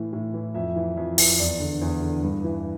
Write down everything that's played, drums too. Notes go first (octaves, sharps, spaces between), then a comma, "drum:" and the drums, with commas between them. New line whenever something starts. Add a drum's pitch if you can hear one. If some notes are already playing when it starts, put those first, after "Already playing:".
Already playing: A2 E3
A2
E3
F2 E5
E3
F2
E3, drum: open hi-hat
E2 D5
D3
E2
D3
G2
E3